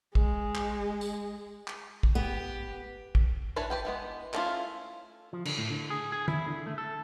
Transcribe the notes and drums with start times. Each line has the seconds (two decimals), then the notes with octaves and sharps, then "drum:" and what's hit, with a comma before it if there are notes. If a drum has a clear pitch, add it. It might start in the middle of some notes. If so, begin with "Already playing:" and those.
0.15 G#3, drum: kick
0.55 drum: clap
1.01 drum: tambourine
1.67 drum: clap
2.03 drum: kick
2.15 B3 G4
3.15 drum: kick
3.56 E3 D4 B4 C#5 B5
3.70 G4 B4 G5
3.85 E3 G#3 B3
4.33 A3 C#4 E4 F4, drum: clap
5.33 F3
5.45 D3, drum: cymbal
5.58 A2
5.71 D3
5.90 G#4
6.12 G#4
6.28 E4, drum: tom
6.47 D3
6.66 A3
6.78 A4